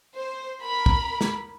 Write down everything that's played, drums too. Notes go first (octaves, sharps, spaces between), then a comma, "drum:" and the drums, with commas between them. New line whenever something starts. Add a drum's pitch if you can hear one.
C5
A#4 B5
drum: kick
drum: snare